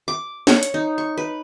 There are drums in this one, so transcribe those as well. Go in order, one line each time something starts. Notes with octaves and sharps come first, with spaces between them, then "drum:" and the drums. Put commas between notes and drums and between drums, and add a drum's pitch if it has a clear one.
D6
C#5, drum: snare
drum: hi-hat
D#4
C#6
B4